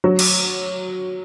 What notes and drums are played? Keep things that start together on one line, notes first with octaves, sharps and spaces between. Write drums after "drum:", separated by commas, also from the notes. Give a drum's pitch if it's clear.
F#3
drum: cymbal